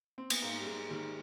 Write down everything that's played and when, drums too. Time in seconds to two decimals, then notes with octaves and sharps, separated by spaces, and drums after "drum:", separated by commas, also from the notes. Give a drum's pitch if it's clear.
0.18 C4
0.30 B3, drum: cymbal
0.42 G#2 A#3
0.60 G3
0.66 G#2 G#3
0.90 D#3 G3